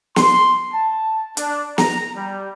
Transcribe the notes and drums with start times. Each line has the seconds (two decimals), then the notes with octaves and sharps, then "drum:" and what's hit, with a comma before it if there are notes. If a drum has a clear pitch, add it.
0.16 C6, drum: snare
0.73 A5
1.37 D4, drum: hi-hat
1.78 A#5, drum: snare
2.15 G3